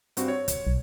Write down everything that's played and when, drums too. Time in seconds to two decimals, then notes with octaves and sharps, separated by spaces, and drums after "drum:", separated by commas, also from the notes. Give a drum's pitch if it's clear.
0.17 G2 C4 F#4, drum: hi-hat
0.28 C#5
0.48 drum: kick, hi-hat
0.67 B1